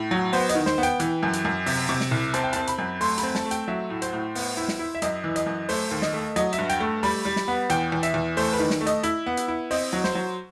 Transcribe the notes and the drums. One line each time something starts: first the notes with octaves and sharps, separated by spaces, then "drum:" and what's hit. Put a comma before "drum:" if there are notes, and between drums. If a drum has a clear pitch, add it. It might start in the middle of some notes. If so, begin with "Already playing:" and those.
Already playing: A2
F#3
B3 C5, drum: open hi-hat
D#5, drum: hi-hat
D#3
C5, drum: snare
B3
G5, drum: hi-hat
E3, drum: hi-hat
F#2
drum: hi-hat
F#2
C3, drum: open hi-hat
C3
drum: snare
C2
C4 A5, drum: hi-hat
G5
C4 A5, drum: hi-hat
B5, drum: hi-hat
F#2
A3 C6, drum: open hi-hat
B5, drum: hi-hat
C4
A5, drum: snare
A3
G5, drum: hi-hat
F#3 E5
A2
C5, drum: hi-hat
A2
B3, drum: open hi-hat
E4
drum: snare
E4
E5
F#2 D#5, drum: hi-hat
E3
D#5, drum: hi-hat
F#2
A3 C5, drum: open hi-hat
D#2
D#5, drum: snare
A3
F#3 D#5, drum: hi-hat
E5, drum: hi-hat
G2
G5, drum: hi-hat
A3
G3 B5, drum: open hi-hat
G3
drum: snare
B3
E2 G5, drum: hi-hat
E2
E5, drum: hi-hat
E2
A3 C5, drum: open hi-hat
B4
D#3
drum: snare
A3
D#5, drum: hi-hat
E4, drum: hi-hat
B3
drum: hi-hat
E4
C4 D#5, drum: open hi-hat
F#3
C5, drum: snare
F#3